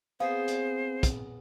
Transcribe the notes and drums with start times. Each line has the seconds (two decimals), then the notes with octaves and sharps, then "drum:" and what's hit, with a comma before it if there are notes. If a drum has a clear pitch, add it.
0.20 B3 C4 G#4 C5 F5
0.48 drum: hi-hat
1.03 drum: kick, hi-hat